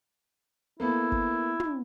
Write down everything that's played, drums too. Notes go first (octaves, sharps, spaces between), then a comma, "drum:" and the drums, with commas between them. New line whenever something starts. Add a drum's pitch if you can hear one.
A#3 B3 E4 A4
drum: kick G#1
drum: tom